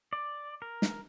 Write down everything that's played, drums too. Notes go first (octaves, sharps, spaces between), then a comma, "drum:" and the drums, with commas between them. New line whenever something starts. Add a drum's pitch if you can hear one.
D5
A#4
drum: snare